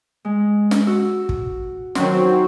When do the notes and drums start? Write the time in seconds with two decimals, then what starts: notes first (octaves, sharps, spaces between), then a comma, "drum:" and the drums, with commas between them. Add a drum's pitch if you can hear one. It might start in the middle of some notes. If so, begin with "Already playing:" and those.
0.25 G#3
0.71 drum: snare
0.87 F#4 E6
1.29 drum: kick
1.95 D#3 F#3 C4 C#6, drum: snare